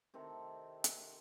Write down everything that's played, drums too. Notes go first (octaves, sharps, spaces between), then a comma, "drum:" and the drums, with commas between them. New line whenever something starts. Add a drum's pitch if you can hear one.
C3 D#3 C4 A4
drum: hi-hat